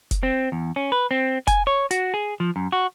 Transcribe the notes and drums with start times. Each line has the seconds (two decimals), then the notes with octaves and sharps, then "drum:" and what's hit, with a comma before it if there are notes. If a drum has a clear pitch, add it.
0.11 drum: kick F1, hi-hat
0.23 C4
0.52 E2
0.76 C#4
0.92 B4
1.11 C4
1.47 G#5, drum: kick F1, hi-hat
1.67 C#5
1.91 F#4, drum: hi-hat
2.14 G#4
2.40 F3
2.56 F#2
2.72 F#4